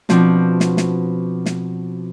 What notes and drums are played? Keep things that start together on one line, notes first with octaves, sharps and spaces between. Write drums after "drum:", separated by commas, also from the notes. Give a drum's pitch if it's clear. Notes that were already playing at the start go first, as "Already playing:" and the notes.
B2 F3 C4 D4, drum: snare
drum: snare
drum: snare
drum: snare